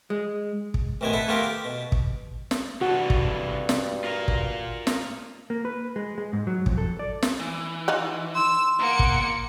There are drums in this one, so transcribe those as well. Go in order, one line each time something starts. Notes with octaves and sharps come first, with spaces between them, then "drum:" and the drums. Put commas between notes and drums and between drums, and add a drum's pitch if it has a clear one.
G#3
drum: kick
A1 C3 D#3 B3 G#5
E4 A4 B4
A3 B3 F4 G4 A#4
G4
B2
drum: kick
drum: snare
G2 C3 E3 F#4 A4
drum: kick
drum: snare
F4 A#4
drum: kick
drum: snare
A#3
B4
G#3
G#3
G#2
F#3
F2, drum: kick
A4
D5
drum: snare
E3
D#4 F4 F#4
C6 E6
E2 A#3 F#5 C#7
drum: kick